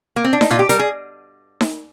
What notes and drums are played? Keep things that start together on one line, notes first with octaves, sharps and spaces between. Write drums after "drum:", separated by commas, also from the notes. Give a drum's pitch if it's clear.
A#3
C4
D4
D#4, drum: snare D#4
A#2 F4
G4
G3 A#4, drum: hi-hat
G#4
drum: snare D#4